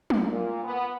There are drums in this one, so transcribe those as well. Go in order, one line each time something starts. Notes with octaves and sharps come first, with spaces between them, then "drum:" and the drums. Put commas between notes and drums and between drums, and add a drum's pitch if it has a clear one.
drum: tom
A#2
B3